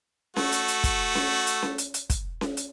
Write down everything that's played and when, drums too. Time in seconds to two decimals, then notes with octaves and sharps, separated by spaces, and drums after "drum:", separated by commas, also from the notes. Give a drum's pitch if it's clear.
0.36 A3 F#4, drum: snare C#4
0.52 drum: hi-hat
0.68 drum: hi-hat
0.84 drum: kick, hi-hat
1.15 drum: snare C#4
1.47 drum: hi-hat
1.62 drum: snare C#4
1.78 drum: hi-hat
1.94 drum: hi-hat
2.10 drum: kick, hi-hat
2.41 drum: snare C#4
2.57 drum: hi-hat